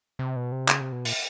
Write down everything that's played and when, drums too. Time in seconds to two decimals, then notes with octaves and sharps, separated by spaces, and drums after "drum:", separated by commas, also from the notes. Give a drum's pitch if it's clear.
0.19 C3
0.36 B2
0.52 C3
0.68 C#3, drum: clap
0.81 C3
0.92 B2
1.05 A#2, drum: open hi-hat